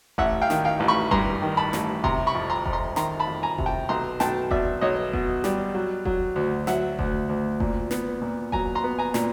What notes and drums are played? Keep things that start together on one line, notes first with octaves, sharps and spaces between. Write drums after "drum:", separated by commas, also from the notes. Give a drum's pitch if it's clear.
A1 E5 F#5, drum: kick F1
F5 G5
D#3, drum: snare
F5 G5
A1
B5 C#6
G2 A#5 C6, drum: kick F1
D#3
A5 B5
A1, drum: snare
C3 A#5 C6, drum: kick F1
B5 C#6
F2
A#5 C6
F2, drum: kick F1
A#5 C6
D#3 A#5 C6, drum: snare
A5 B5
F2
G#5 A#5
C3, drum: kick F1
G5 A5
B1 A#5 C6
B1 G5 A5, drum: snare
B2 D5 E5, drum: kick F1
B1 C#5 D#5
B2, drum: kick F1
G3, drum: snare
F#3
F#3, drum: kick F1
D2
F#3 E5 F#5, drum: snare
D2, drum: kick F1
D2
A#2, drum: kick F1
B3, drum: snare
A#2
F#3 G#5 A#5, drum: kick F1
A#5 C6
B3
G#5 A#5
A#2, drum: snare